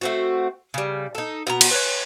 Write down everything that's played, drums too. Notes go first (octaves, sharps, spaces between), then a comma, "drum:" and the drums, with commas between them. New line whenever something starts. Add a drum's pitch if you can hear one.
A3 C4 F#4
C#3 G3
D#4 A4
B2 B3 A#5
drum: cymbal
B4 C#5